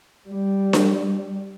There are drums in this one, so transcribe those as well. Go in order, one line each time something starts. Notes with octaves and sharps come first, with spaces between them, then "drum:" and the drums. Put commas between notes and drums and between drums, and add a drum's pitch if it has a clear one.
G3
drum: snare D4